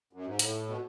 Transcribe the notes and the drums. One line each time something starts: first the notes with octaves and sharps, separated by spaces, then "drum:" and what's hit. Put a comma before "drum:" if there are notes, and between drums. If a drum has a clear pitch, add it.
F#2
G#2
A2, drum: hi-hat
B2